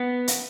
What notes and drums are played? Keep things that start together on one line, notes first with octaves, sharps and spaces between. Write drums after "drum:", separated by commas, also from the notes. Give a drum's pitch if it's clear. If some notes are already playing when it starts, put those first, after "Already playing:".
Already playing: B3
drum: hi-hat